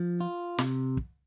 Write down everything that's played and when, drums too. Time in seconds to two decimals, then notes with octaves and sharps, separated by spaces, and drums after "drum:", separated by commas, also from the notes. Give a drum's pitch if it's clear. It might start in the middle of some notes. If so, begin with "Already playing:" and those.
Already playing: F3
0.20 F4
0.58 C3, drum: snare
0.97 drum: kick